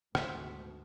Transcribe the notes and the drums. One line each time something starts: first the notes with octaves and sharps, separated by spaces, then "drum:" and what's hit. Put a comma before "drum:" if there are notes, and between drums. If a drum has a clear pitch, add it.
D2 G#2 B2 C5 E5, drum: rim click